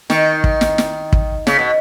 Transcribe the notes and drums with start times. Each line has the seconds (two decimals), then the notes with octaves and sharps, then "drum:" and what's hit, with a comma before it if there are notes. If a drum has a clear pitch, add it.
0.10 D#3, drum: snare
0.44 drum: kick
0.61 drum: snare
0.78 drum: snare
1.13 drum: kick
1.47 C#3, drum: snare
1.59 B2